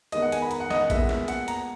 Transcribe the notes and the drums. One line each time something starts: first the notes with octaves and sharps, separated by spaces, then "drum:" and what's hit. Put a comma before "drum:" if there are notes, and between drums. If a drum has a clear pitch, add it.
D#3 G#3 B3 D#5, drum: hi-hat
F#5
G#5, drum: hi-hat
B5
A#5, drum: hi-hat
F#5
D#5, drum: snare
F#5
A#2 G#3 B3 E5, drum: kick A#1, hi-hat
drum: snare
F#5, drum: hi-hat
A#5, drum: hi-hat